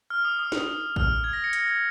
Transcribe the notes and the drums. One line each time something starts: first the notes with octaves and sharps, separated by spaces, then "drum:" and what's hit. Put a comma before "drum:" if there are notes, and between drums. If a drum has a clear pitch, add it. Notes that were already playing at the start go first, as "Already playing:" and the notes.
F6
D#6
D#6
drum: snare
F6, drum: kick A1
G#6
A#6
C#7
A#6, drum: hi-hat
G#6